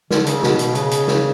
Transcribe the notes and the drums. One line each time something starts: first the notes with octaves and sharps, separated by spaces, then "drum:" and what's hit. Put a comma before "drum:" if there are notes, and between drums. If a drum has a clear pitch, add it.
D3, drum: snare
C#3, drum: hi-hat
B2, drum: snare
drum: hi-hat
C#3, drum: hi-hat
drum: hi-hat
drum: snare